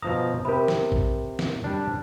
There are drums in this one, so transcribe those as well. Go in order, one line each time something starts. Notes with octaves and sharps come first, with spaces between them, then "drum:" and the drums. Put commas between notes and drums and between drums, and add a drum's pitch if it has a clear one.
B2 F3 A#5 D#6
C3 G4 A#4 B5
drum: snare
drum: kick
drum: snare
G3 D4